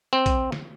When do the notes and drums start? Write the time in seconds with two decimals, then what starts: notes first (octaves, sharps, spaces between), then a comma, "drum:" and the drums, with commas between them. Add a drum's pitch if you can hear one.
0.13 C4
0.26 drum: kick, hi-hat
0.52 drum: snare